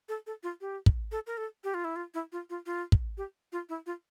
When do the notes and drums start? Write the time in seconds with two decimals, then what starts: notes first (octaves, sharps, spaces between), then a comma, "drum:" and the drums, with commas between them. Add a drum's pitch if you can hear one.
0.09 A4
0.27 A4
0.43 F4
0.61 G4
0.86 drum: kick
1.12 A4
1.27 A#4
1.37 A4
1.64 G4
1.74 F4
1.84 E4
1.96 F4
2.14 E4
2.32 F4
2.50 F4
2.66 F4
2.92 drum: kick
3.18 G4
3.52 F4
3.69 E4
3.86 F4